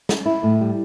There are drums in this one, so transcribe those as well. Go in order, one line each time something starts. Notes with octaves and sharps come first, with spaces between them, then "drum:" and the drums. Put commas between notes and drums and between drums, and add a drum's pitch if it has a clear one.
C#4, drum: snare
E4
A2
G3